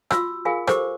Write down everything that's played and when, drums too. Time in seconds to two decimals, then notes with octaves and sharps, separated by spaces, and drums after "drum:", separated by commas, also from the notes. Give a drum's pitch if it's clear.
0.11 F4 F#4 E6, drum: rim click
0.45 F4 G#4 A#4 F5 G#5
0.67 G4 A4 A#4 C5 D6, drum: rim click